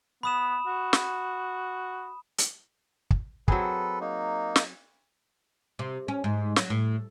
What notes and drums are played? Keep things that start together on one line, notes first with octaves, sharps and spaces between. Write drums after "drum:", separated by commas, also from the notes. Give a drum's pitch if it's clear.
B3 B5 D#6 E7
F#4
drum: snare
drum: hi-hat
drum: kick
F#3 C4 G#4 A4 B4, drum: kick
A#3 D#4
drum: snare
C3
C#4
G#2
F#3, drum: snare
A2